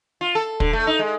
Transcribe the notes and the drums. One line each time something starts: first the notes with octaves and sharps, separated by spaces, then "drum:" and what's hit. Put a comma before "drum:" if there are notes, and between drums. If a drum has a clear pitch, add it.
F4
A4
D3, drum: kick
A3
D#4
G#3